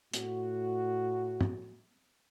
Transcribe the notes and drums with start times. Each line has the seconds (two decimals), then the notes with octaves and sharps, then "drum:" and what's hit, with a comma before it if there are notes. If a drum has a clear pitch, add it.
0.14 A2 F#4, drum: hi-hat
1.41 drum: tom